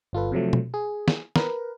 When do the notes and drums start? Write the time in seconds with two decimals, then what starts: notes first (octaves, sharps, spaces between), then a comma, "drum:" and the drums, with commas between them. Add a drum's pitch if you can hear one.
0.13 G1 F4 A4 B4
0.32 C3 F3 F#3 A3
0.53 drum: tom B2
0.74 G#4
1.08 drum: snare
1.36 A#4 B4, drum: snare